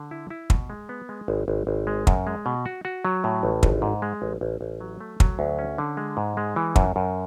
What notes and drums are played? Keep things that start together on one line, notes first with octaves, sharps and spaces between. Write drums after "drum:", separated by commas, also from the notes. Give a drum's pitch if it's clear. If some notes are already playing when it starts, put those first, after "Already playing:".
Already playing: D3
E4
E4
B2, drum: kick
G#3
B3
G#3
G#1
G#1
G#1
G#3
F#2, drum: kick
G#3
B2
F#4
F#4
F#3
A2
A1
G#1, drum: kick
G#2
G#3
A1
A1
A1
F#3
A3
F#3, drum: kick
D2
C#4
D3
G#3
G#2
G#3
E3
F#2, drum: kick
F#2